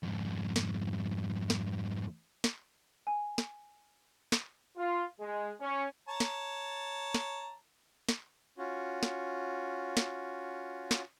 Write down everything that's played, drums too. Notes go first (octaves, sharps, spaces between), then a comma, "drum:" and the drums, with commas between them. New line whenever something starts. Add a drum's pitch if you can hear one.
F2 G#2
drum: snare
drum: snare
drum: snare
G#5
drum: snare
drum: snare
F4
G#3
C#4
C#5 A5 A#5
drum: snare
drum: snare
drum: snare
C#4 F4 F#4
drum: snare
drum: snare
drum: snare